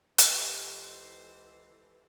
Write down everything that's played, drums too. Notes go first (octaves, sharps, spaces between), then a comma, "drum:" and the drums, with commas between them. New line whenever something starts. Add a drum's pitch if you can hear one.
C#2 E3 G4 A4 C5, drum: hi-hat